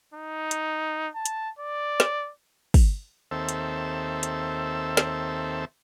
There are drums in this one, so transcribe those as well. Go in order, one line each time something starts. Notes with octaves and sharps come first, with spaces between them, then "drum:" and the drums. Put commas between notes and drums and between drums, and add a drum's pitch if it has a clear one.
D#4
drum: hi-hat
A5
drum: hi-hat
D5
drum: snare
drum: kick, open hi-hat
D#2 C4 A4 E5
drum: hi-hat
drum: hi-hat
drum: snare